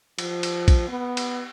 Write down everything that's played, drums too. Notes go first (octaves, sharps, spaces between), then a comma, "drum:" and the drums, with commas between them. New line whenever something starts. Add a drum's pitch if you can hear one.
F3, drum: cymbal
drum: cymbal
drum: kick A#1, cymbal
B3
drum: cymbal